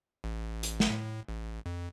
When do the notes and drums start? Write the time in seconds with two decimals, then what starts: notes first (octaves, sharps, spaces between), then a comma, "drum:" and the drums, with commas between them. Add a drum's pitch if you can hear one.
0.24 A1
0.63 drum: hi-hat
0.80 drum: snare
0.90 A2
1.29 A1
1.66 F2